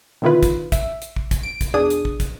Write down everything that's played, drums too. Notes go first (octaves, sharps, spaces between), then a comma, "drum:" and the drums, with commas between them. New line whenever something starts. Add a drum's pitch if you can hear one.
B2 D3 D#3 E4 F4 B4
drum: kick, hi-hat
E5, drum: kick, hi-hat
drum: hi-hat
drum: kick
drum: kick, hi-hat
D7
drum: kick, hi-hat
E2 B2 D4 G#4 D#6
drum: hi-hat
drum: kick
drum: kick, hi-hat